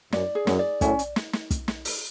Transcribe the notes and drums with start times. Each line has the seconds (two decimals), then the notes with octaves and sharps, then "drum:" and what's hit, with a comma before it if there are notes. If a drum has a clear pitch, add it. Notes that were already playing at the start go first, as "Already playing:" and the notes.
0.12 F#2 D5, drum: snare
0.35 G#4
0.47 F#2, drum: snare
0.59 D5
0.81 F#2 A2 C#4, drum: kick, hi-hat
0.99 drum: hi-hat
1.16 drum: snare
1.33 drum: snare
1.51 drum: kick, hi-hat
1.68 drum: snare
1.85 drum: open hi-hat